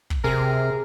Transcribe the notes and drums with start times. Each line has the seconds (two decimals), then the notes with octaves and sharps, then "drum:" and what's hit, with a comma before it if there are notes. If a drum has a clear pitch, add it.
0.10 drum: kick
0.24 C3 G#4 A#4